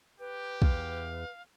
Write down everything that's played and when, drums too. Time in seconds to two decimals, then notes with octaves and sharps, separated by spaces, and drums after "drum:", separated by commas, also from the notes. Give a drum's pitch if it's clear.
0.20 G4 B4
0.62 E2 F5, drum: kick